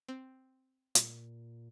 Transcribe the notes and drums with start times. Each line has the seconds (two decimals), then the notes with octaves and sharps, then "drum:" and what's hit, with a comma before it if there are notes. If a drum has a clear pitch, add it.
0.08 C4
0.95 A#2, drum: hi-hat